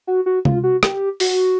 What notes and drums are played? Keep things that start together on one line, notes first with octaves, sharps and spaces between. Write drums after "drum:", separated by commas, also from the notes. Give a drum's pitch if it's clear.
F#4
F#4
F4, drum: tom C3
F#4
G4, drum: rim click
F#4, drum: open hi-hat